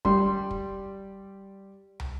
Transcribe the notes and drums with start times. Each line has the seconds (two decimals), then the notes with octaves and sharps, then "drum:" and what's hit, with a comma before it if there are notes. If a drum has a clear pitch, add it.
0.05 G3 C6, drum: kick
0.51 drum: kick
2.00 drum: tom